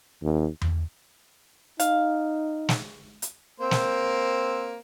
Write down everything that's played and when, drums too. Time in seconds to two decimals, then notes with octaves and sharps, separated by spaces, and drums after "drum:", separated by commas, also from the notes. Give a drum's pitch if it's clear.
0.23 D#2
0.61 drum: tom E2
1.80 D#4 F5, drum: hi-hat
2.69 drum: snare
3.22 drum: hi-hat
3.60 A#3 C4 C5
3.71 drum: snare